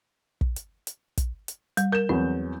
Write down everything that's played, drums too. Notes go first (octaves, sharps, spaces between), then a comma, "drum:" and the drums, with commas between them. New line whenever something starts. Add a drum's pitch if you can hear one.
drum: kick
drum: hi-hat
drum: hi-hat
drum: kick, hi-hat
drum: hi-hat
G3, drum: hi-hat
A#4 G6 E7
E2 F#3 C4